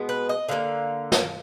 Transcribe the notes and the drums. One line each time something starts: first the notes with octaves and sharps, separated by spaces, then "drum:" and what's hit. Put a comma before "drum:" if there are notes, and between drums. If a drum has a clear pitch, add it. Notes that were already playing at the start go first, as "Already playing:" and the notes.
Already playing: B2 G#3 B3
B4
D#5
D3 F3 A#3 F5
drum: snare